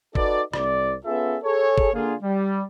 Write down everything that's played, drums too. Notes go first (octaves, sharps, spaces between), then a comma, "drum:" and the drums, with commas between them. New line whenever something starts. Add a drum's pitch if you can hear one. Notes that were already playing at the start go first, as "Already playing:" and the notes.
D#4 F#4 A4 B4 D5, drum: kick
C2 D5, drum: rim click
B3 C#4 F4 G#4 A4 E5
G#4 A4 C#5
drum: kick
D3 A#3 F4 G#4
G3